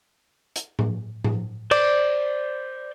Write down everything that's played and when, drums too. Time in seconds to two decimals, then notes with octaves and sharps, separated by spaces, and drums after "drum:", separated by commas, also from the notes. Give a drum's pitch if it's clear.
0.56 drum: hi-hat
0.79 drum: tom A2
1.24 drum: tom A2
1.71 C5 D5 D6, drum: cymbal